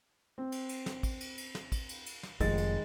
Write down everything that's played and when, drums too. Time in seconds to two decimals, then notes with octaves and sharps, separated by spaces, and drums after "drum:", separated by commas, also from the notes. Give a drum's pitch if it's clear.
0.38 C4
0.52 drum: cymbal
0.69 drum: cymbal
0.86 drum: snare
1.03 drum: kick, cymbal
1.20 drum: cymbal
1.38 drum: cymbal
1.55 drum: snare
1.72 drum: kick, cymbal
1.89 drum: cymbal
2.06 drum: cymbal
2.23 drum: snare
2.40 F1 D#3 G#3 A6, drum: kick, cymbal
2.58 drum: cymbal